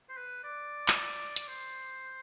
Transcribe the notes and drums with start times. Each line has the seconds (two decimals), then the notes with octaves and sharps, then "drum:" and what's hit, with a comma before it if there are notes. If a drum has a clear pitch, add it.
0.09 C5
0.17 B4
0.44 D5
0.88 drum: clap
1.36 D5, drum: hi-hat
1.48 C5